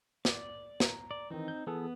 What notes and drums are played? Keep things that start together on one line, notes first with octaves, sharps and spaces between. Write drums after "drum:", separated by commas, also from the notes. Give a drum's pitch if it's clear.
D5, drum: snare
A#5, drum: snare
D5
D#3 E3 C4 D#4
G6
E3 B3 G#4 A4